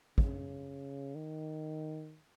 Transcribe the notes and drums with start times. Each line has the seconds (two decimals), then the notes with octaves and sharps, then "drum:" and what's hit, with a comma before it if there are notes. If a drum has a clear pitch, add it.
0.18 C#3, drum: kick
1.15 D#3